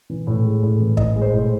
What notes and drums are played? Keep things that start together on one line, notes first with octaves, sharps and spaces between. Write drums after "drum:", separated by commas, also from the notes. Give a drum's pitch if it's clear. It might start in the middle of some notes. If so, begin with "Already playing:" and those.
E3
A2
G#3
A2
E3
A2 D#5, drum: kick
G#3
C5
A2